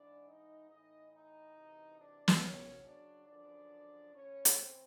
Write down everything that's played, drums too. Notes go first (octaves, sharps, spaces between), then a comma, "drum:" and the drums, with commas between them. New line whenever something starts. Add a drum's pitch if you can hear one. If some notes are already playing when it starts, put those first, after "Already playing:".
Already playing: G#2 E3 D4 D5
D#4 D#5
A2 E3 D#4 D#5
D#4 D#5
D2 C3 E3
D4 D5
drum: snare
F#2 C#3 F#3 C#4 C#5
D4 D5
F#2 D3 F3 D4 D5
A2 E3 C#4 C#5
drum: hi-hat
C4 C5